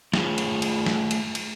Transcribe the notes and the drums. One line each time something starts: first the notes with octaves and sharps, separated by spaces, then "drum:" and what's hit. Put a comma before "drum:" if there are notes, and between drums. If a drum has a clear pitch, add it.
A3 F4 G#4, drum: snare
drum: cymbal
drum: cymbal
drum: snare
drum: cymbal
drum: cymbal